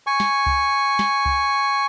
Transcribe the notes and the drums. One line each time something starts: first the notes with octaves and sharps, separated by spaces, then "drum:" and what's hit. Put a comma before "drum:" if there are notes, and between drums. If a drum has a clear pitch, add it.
G#5 C#6
drum: snare
drum: kick C2
drum: snare
drum: kick C2